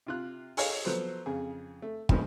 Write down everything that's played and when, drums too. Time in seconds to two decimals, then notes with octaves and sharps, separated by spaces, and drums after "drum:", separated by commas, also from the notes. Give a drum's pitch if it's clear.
0.07 C3 F4 F#6
0.57 G#4 A4 C#5 D#5 F5, drum: open hi-hat
0.85 F3 F#3 B3 A4 C5
1.26 F2 C#3 G#4
1.82 A3
2.09 D2 G2 B2 F3 G#3 A#3, drum: kick